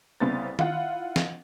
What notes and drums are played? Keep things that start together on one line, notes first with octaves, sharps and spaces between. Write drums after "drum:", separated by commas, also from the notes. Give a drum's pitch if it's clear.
C2 C#3 B3 C4 A6
E4 F4 F5 F#5, drum: tom
drum: snare